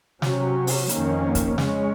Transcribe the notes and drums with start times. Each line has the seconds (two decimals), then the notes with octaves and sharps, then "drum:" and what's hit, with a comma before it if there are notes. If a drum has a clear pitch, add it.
0.22 C3 F#3 C#4, drum: snare
0.67 drum: open hi-hat
0.89 F2 D#3 A#3 C#4, drum: hi-hat
1.35 drum: kick, hi-hat
1.58 C#3 G#3 C#4, drum: snare